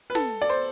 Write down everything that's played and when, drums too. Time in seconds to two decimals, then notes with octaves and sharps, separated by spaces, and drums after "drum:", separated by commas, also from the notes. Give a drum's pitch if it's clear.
0.10 B4
0.15 A4, drum: snare
0.42 D5
0.50 C5